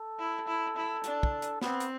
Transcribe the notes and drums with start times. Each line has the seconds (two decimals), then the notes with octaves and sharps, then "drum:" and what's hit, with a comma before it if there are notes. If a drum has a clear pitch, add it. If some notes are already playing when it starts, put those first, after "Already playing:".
Already playing: A4
0.19 E4
0.47 E4
0.76 E4
1.04 D4, drum: hi-hat
1.23 drum: kick
1.42 drum: hi-hat
1.61 B3 C4, drum: snare
1.80 drum: hi-hat